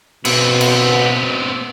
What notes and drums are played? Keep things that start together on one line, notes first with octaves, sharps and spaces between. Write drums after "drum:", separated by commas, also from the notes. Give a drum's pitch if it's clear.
B2 B3 C4, drum: cymbal
drum: cymbal